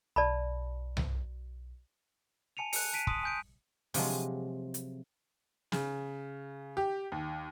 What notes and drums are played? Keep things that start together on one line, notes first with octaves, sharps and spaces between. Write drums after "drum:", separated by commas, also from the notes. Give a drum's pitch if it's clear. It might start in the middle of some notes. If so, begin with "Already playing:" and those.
B1 D5 A5 B5
drum: tom C2
G#5 A5 C#7 D#7 F7
F#6 C#7, drum: open hi-hat
A5 B6 D7 D#7
A5 C6 D#6, drum: kick
G#5 G6 D7
C3 F3 F#3 G#3, drum: open hi-hat
drum: hi-hat
C#3, drum: snare
G4
D#2